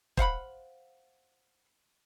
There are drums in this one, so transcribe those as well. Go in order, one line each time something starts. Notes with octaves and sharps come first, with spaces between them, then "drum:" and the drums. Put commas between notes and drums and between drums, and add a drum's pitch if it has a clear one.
C5 F5 F#5 B5, drum: kick